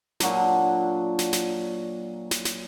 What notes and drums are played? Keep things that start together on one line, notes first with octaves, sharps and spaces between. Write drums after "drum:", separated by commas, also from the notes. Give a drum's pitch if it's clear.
A#2 F#3 D4 A#5, drum: snare
drum: snare
drum: snare
drum: snare
drum: snare